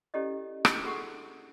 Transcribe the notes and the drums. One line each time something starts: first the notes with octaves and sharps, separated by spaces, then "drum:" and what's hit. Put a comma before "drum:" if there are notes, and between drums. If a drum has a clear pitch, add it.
C#4 E4 G4 A4 D5 D#5
D4 E4, drum: rim click
F#4 G#4 A4 F#5 C#6 D#6